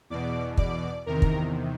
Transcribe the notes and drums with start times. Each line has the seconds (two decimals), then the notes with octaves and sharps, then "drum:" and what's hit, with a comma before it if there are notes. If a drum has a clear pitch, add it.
0.10 E2 B2 D5 D6
0.57 D5 D6, drum: kick
1.06 E2 C3 D#3 A#4 A#5
1.22 drum: kick